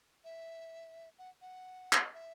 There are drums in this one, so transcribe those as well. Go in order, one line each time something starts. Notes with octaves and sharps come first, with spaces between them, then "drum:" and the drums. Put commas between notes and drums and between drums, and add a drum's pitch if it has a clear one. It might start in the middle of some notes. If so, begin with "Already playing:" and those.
E5
F#5
F#5
C#5, drum: clap
D#5
E5